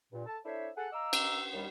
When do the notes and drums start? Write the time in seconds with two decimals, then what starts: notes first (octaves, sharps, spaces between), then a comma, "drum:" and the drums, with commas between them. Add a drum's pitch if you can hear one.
0.12 G2 A#2
0.26 A4 A5
0.45 D4 E4 A4 C5 C#5 E5
0.76 G#4 A4 F#5
0.93 D#5 F5 A#5 D6 E6
1.13 drum: cymbal
1.53 D#2 G3